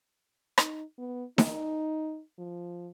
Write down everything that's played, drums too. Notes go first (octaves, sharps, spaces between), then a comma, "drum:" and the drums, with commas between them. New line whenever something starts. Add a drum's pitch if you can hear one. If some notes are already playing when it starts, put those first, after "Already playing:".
D#4, drum: rim click
B3
D#4, drum: snare D#4
F3